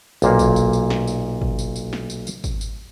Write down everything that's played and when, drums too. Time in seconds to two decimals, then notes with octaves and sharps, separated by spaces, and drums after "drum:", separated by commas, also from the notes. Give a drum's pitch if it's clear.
0.22 B1 A#2 A#3, drum: tambourine
0.39 drum: kick G#1, tambourine
0.56 drum: tambourine
0.73 drum: tambourine
0.90 drum: snare
1.07 drum: tambourine
1.42 drum: kick G#1
1.59 drum: tambourine
1.76 drum: tambourine
1.93 drum: snare
2.10 drum: tambourine
2.27 drum: tambourine
2.44 drum: kick G#1, tambourine
2.61 drum: tambourine